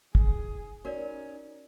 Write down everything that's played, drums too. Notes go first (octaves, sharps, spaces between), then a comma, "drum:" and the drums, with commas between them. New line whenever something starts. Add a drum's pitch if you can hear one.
G#4, drum: kick
C#4 D#4 F#4 A#4 D5